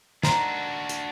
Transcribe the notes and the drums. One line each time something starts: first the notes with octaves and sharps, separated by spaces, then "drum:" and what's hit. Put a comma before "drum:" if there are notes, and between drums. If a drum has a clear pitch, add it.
D#3 D4 F#4 C5 A#5, drum: snare
drum: hi-hat